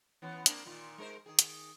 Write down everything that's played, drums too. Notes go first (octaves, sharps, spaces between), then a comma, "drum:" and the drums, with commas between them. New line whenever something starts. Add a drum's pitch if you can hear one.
E3 B3 C#4
A#3 C4 D4, drum: hi-hat
A#2 D#3 F4
G#3 A#4 C5
D#3 G#4
drum: hi-hat